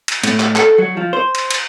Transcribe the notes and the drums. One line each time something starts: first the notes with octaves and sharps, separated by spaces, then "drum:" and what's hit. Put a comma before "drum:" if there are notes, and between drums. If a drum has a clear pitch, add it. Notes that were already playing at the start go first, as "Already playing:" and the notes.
drum: cymbal
A2, drum: cymbal
drum: clap
A4, drum: clap
F#3
F3
C5
drum: cymbal
drum: cymbal